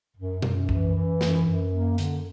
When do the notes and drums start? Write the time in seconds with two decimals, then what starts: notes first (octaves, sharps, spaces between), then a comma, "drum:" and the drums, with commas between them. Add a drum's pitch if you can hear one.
0.17 F#2
0.42 F#2, drum: tom B2
0.69 E3, drum: kick
0.95 E3
1.21 F#2, drum: snare
1.47 F#2
1.73 A#3
1.98 D3, drum: hi-hat